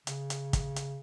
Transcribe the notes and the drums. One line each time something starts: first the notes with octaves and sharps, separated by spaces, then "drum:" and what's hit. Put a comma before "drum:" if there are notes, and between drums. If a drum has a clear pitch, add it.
C#3, drum: hi-hat
drum: hi-hat
drum: kick, hi-hat
drum: hi-hat